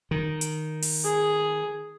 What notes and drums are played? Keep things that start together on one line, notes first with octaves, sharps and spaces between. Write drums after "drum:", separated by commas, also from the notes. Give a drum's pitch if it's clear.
D#3
drum: hi-hat
drum: open hi-hat
G#4